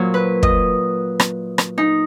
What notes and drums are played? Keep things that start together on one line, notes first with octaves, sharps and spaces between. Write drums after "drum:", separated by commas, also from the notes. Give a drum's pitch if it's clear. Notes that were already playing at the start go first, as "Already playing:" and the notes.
Already playing: A#2 F#3
B4
D#5, drum: kick
drum: rim click
drum: rim click
D#4